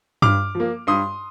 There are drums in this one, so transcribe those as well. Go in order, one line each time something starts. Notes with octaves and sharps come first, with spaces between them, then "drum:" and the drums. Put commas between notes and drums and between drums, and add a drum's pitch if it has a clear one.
G2 D6 F6, drum: tom G2
F3
A#3
G2 C6 D#6